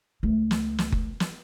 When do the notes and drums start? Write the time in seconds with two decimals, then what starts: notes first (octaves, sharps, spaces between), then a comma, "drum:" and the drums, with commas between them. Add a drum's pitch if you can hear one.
0.23 C#2 A3
0.51 drum: snare
0.79 drum: snare
0.92 drum: kick F#1
1.20 drum: snare